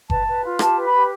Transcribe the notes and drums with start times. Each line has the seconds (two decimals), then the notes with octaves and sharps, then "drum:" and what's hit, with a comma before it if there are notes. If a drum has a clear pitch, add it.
0.10 B4 A5, drum: kick F#1
0.27 B4
0.43 F4
0.59 G4 A5, drum: rim click
0.76 B4
0.84 B5
0.93 G4